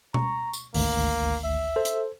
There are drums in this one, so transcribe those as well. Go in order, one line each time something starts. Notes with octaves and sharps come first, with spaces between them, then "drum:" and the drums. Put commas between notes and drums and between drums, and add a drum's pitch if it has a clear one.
A#5 C#6, drum: tom B2
drum: tambourine
G#1 D2 A#3, drum: open hi-hat
E5
A4 C5
drum: hi-hat